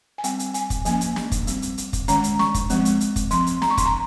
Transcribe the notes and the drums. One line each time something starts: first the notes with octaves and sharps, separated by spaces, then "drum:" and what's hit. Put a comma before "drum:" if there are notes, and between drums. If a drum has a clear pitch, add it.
G#5
G3 C4 G5, drum: hi-hat
drum: hi-hat
G#5, drum: hi-hat
drum: kick, hi-hat
F3 A#3 C#4 G#5, drum: hi-hat
drum: hi-hat
drum: snare
drum: kick, hi-hat
G3 C4, drum: hi-hat
drum: hi-hat
drum: hi-hat
drum: kick, hi-hat
D#3 G#3 C#4 A#5, drum: hi-hat
drum: hi-hat
C#6, drum: snare
drum: kick, hi-hat
F3 G#3 C4, drum: hi-hat
drum: hi-hat
drum: hi-hat
drum: kick, hi-hat
F3 C4 C6, drum: hi-hat
drum: hi-hat
A#5, drum: snare
C#6
C6, drum: kick, hi-hat
A#5